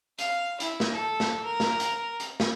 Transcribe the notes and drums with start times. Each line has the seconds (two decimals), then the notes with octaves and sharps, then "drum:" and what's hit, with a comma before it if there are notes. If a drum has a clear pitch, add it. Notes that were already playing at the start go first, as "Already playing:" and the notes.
0.19 F5, drum: hi-hat
0.60 E4, drum: hi-hat
0.80 drum: snare
0.92 A4
1.20 drum: snare
1.44 A#4
1.60 drum: snare
1.80 drum: hi-hat
2.20 drum: hi-hat
2.40 drum: snare